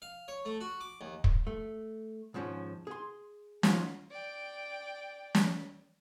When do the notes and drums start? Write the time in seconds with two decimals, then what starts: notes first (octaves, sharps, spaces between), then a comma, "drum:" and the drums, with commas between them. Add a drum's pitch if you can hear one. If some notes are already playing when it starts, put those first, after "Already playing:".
0.02 F5
0.28 C#5
0.45 A3
0.61 F#4
0.81 D6
1.01 D#2
1.24 drum: kick
1.47 A3
2.34 D#2 G#2 F3 C#4
2.87 G#4 C6
3.63 F3 C#4 D#4 F4 F#4, drum: snare
4.10 D5 G5
5.35 drum: snare